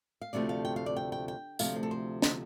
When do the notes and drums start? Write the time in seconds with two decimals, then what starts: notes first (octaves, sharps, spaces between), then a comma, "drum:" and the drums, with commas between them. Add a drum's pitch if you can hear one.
0.22 F5
0.33 D2 C3 F3 A3 D5
0.49 F5
0.65 G5
0.76 F5
0.86 D5
0.96 G5
1.12 G5
1.28 G5
1.59 D2 C3 F3 A3 F5, drum: tambourine
1.76 C5
1.83 A4
1.91 C5
2.22 C5, drum: snare